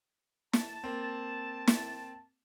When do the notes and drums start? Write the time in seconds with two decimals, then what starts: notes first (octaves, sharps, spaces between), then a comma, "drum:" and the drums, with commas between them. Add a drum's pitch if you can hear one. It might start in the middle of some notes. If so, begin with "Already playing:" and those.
0.53 A5, drum: snare
0.84 A#3 C4
1.67 drum: snare